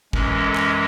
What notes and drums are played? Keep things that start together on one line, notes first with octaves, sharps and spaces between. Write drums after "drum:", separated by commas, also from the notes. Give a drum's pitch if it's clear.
F#2 E3 G#3 C#4, drum: kick
A4
drum: clap